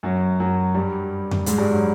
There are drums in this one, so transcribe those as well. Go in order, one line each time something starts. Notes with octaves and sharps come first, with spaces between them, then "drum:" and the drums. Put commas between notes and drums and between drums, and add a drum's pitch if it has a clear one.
F#2 F#3
F#2 F#3
G2 G3
drum: tom F2
G#2 G#3, drum: hi-hat
G2 G3
F#3